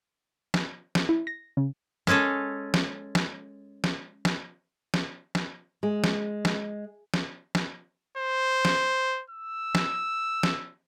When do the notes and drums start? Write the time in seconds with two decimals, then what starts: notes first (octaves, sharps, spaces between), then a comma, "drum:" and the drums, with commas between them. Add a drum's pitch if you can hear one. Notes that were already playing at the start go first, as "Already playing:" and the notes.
0.54 drum: snare
0.95 drum: snare
1.09 E4
1.27 A#6
1.57 C#3
2.07 G#3 C#4 G#4 A4 C#5, drum: snare
2.74 drum: snare
3.15 drum: snare
3.84 drum: snare
4.25 drum: snare
4.94 drum: snare
5.35 drum: snare
5.83 G#3
6.04 drum: snare
6.45 drum: snare
7.14 drum: snare
7.55 drum: snare
8.18 C5
8.65 drum: snare
9.30 E6
9.75 drum: snare
10.43 drum: snare